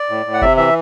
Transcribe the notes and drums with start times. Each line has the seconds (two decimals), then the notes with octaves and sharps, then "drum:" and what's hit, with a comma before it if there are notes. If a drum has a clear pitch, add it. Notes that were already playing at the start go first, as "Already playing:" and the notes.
Already playing: D5
0.10 A2
0.26 A2
0.34 F#5
0.41 C3 E5, drum: kick F1
0.57 E3 E5